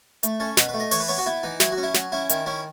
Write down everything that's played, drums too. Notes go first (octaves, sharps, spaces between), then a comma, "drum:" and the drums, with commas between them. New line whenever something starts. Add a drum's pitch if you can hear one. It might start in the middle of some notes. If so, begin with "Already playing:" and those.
A3, drum: hi-hat
C#4 A4
B2 B4, drum: snare
A3 B4
D#5
E3 C#5, drum: open hi-hat
B4
B3 C#5
F#4
B3 E4
E3 D#4
F#3 E4, drum: snare
F#4
C#4
E4
F#3, drum: snare
C#4 E4
D#3 E4, drum: hi-hat
C#4 E4